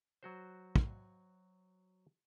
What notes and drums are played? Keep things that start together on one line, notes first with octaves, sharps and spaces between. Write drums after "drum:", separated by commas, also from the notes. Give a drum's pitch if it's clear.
F#3 F#4 C5
drum: kick